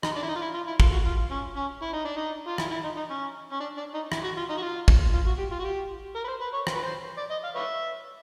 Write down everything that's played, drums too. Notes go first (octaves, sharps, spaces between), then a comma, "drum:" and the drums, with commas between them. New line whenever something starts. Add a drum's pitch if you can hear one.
D#4, drum: rim click
D4
E4
D#4
F4
E4
F4
E4
F4, drum: kick
F#4
F4
C#4
C#4
E4
D#4
D4
D#4
F4
E4, drum: rim click
E4
D#4
D#4
C#4
C#4
D4
D4
D#4
E4, drum: rim click
F#4
F4
D#4
F#4
F4
drum: kick
F4
F#4
G4
F4
F#4
G4
A#4
B4
C5
B4
C#5
C5, drum: rim click
B4
C5
D5
D#5
F5
B4 C#5 E5